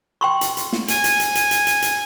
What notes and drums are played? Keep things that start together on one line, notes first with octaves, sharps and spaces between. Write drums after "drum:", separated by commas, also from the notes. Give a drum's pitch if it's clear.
G5 C6 C#6
drum: hi-hat
drum: hi-hat
drum: snare
G#5, drum: hi-hat
drum: hi-hat
drum: hi-hat
drum: hi-hat
drum: hi-hat
drum: hi-hat
drum: hi-hat